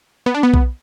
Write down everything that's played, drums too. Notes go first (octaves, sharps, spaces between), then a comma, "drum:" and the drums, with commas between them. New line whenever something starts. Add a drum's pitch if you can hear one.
B3
D4
B3
drum: kick B1